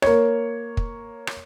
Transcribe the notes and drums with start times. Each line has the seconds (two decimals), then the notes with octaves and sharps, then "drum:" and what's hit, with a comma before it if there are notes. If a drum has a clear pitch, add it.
0.02 A#3 C#5, drum: rim click
0.77 drum: kick
1.27 drum: rim click